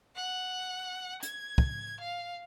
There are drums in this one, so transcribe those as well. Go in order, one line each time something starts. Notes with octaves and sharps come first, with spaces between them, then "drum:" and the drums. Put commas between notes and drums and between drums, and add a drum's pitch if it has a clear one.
F#5
G#6, drum: hi-hat
drum: kick
F5